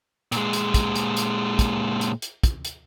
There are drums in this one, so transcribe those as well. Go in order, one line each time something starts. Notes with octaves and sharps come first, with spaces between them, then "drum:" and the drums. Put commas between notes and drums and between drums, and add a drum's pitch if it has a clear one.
A#2 G#3, drum: hi-hat
drum: hi-hat
drum: kick, hi-hat
drum: hi-hat
drum: hi-hat
drum: kick, hi-hat
drum: hi-hat
drum: hi-hat
drum: kick, hi-hat
drum: hi-hat